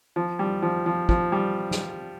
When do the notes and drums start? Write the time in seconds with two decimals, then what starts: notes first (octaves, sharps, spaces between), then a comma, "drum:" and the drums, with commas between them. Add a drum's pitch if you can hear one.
0.16 F3
0.39 G3
0.62 F3
0.86 F3
1.09 F3, drum: kick
1.32 G3
1.71 drum: snare